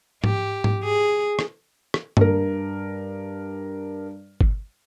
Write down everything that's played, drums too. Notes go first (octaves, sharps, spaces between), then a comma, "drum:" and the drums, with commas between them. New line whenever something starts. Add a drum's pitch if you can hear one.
G4, drum: tom G#2
drum: tom G#2
G#4
drum: rim click
drum: rim click
G2 A#4, drum: tom G2
drum: kick G1